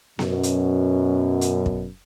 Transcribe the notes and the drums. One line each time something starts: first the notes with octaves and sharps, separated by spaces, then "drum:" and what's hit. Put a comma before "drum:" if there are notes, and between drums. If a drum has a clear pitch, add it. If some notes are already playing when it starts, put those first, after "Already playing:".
F#2 B2, drum: snare B3
drum: hi-hat
drum: hi-hat
drum: kick